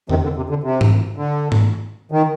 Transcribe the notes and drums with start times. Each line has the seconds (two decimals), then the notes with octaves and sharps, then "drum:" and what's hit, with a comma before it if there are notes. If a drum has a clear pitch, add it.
0.09 C3 D#3, drum: tom E2
0.23 D3
0.37 C3
0.49 D3
0.63 C3
0.81 drum: tom G#2
1.16 D3
1.52 drum: tom G#2
2.12 D#3